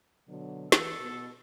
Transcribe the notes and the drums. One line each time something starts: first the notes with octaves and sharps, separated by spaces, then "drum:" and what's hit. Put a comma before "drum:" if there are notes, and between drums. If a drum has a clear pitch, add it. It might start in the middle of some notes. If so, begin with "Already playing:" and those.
B2 D3 F#3
E3 A4, drum: snare
B2